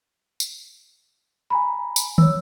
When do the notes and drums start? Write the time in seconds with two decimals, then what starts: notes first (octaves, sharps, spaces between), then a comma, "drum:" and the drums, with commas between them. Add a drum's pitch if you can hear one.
0.40 drum: tambourine
1.50 G#5 A#5 B5
1.96 drum: tambourine
2.18 C#5 E6, drum: tom